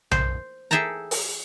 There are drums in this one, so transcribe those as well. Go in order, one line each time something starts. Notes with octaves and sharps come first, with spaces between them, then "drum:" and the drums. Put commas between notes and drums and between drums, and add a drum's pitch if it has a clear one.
C5, drum: tom B1
G#4 A4 E5 G5 A5 A#5
drum: open hi-hat